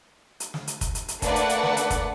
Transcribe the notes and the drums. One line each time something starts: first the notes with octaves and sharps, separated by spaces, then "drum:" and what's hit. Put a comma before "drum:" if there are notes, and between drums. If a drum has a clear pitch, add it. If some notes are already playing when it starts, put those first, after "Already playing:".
drum: hi-hat
drum: snare
drum: hi-hat
drum: kick, hi-hat
drum: hi-hat
drum: hi-hat
A3 A#3 D4 B4 D5 F#5, drum: kick, hi-hat
drum: hi-hat
drum: hi-hat
drum: snare
drum: hi-hat
drum: kick, hi-hat